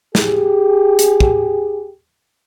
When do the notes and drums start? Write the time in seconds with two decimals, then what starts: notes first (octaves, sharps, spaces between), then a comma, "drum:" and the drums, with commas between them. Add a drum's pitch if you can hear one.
0.15 G4 G#4, drum: snare
0.99 drum: hi-hat
1.20 drum: kick